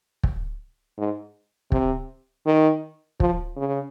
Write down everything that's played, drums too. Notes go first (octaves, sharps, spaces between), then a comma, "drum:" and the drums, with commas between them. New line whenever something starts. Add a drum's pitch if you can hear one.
drum: kick
G#2
C3, drum: kick
D#3
F3, drum: kick
C#3